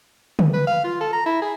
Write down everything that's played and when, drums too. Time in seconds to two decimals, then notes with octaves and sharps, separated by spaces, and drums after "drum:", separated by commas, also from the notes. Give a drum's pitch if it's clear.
0.39 drum: tom
0.53 B4
0.67 F5
0.84 F4
1.01 A4
1.13 A#5
1.26 E4
1.42 G#4